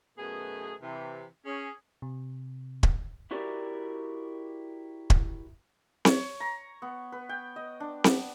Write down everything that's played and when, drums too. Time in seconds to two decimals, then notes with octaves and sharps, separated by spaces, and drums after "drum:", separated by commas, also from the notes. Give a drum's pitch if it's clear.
0.18 F#2 B2 A3 B3 G#4
0.81 C3 E3
1.45 C#4 G#4
2.02 C3
2.83 drum: kick
3.31 E4 F#4 G4 A#4 D5 E5
5.10 drum: kick
6.05 C#5, drum: snare C4
6.40 A#5
6.82 B3
7.12 B4
7.29 G5
7.56 D#5
7.80 D4
8.04 B3, drum: snare C4